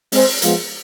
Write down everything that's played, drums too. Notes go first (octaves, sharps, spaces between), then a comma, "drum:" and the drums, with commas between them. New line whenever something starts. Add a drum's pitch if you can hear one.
G#3 C4 G#4 C5, drum: open hi-hat
F3 G#3 B3 F4, drum: hi-hat